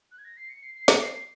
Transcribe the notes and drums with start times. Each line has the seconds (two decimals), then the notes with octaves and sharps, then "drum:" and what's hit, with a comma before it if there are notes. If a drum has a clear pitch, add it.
0.11 F#6
0.18 G#6
0.25 A#6
0.37 C7
0.49 C#7
0.62 C7
0.75 C7
0.88 C#7, drum: snare
1.00 C7
1.13 C7